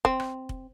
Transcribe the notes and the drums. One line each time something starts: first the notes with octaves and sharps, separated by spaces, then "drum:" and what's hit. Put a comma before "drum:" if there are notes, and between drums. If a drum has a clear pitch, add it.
C4, drum: kick
drum: rim click
drum: kick